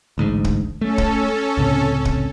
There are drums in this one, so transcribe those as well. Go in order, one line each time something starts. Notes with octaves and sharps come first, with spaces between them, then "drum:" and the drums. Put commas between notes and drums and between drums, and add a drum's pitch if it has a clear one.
A1 D2 G#2
drum: kick
A3 C#4 A4
drum: kick
C#2 A2 C3
drum: kick